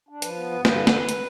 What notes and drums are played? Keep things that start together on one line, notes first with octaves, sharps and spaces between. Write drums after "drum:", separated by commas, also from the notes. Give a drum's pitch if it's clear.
D4
F3 B4, drum: hi-hat
B3
G2
D3 B4, drum: snare
drum: snare
drum: hi-hat